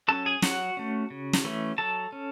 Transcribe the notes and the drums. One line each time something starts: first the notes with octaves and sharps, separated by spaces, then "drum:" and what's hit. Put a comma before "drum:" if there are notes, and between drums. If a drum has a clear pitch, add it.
F#3 C#4 A4 A5
G#4 G#5
F#3 F#4 F#5, drum: snare
A3 C#4
C#3
drum: snare
E3 A3 C#4
F#3 A4 A5
C#4